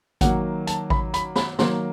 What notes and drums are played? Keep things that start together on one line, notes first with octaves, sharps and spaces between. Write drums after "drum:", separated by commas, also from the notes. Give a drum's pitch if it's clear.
D#3 F#3 A#3 F#5, drum: kick A1, hi-hat
A5, drum: hi-hat
B5, drum: kick A1
B5, drum: hi-hat
B5, drum: snare
D#3 F#3 A#3 C6, drum: snare